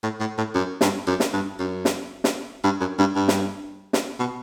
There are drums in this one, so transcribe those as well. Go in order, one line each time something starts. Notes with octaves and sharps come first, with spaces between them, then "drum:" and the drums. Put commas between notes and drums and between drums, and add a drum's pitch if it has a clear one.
A2
A2
A2
F#2
G2, drum: snare
F#2
drum: snare
G2
F#2
drum: snare
drum: snare
G2
F#2
G2
G2
drum: snare
drum: snare
B2